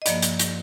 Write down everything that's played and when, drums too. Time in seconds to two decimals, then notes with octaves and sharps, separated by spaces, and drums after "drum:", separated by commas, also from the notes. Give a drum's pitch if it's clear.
0.02 D#5
0.06 G2 F3 A#3 D5, drum: hi-hat
0.22 drum: hi-hat
0.39 drum: hi-hat